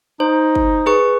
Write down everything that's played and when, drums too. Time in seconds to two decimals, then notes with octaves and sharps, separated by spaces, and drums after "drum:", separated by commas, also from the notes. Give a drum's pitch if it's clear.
0.20 D#4 C5
0.55 drum: kick G1
0.86 G#4 B4 C#6